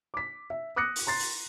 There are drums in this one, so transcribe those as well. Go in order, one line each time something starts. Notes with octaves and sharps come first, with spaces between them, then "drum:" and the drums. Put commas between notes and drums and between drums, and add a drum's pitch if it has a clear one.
D6 B6
E5
D6 D#6 F#6 A#6 C#7
drum: open hi-hat
A#5 C6 A6 C7
drum: open hi-hat